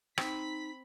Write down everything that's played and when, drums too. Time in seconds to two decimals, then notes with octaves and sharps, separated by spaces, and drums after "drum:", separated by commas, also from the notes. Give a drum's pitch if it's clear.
0.18 C4 D#4 B5 B6, drum: rim click